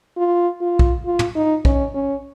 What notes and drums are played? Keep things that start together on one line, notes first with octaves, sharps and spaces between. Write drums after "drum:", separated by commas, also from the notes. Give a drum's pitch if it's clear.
F4
F4
drum: kick A#1
F4
drum: tom
D#4
C#4, drum: kick A#1
C#4